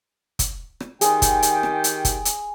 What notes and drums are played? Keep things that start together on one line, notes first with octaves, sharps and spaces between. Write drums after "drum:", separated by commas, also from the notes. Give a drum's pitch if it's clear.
drum: kick, hi-hat
drum: rim click
D#3 G4 G#4 G5 C6, drum: hi-hat
drum: kick, hi-hat
drum: hi-hat
drum: rim click
drum: hi-hat
drum: kick, hi-hat
drum: hi-hat